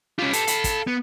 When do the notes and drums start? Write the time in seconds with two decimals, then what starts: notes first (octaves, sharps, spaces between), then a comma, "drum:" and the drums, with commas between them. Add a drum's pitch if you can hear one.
0.19 C#4 F4 G4 B4
0.33 A4, drum: hi-hat
0.47 F5 B5, drum: hi-hat
0.64 drum: kick, hi-hat
0.87 B3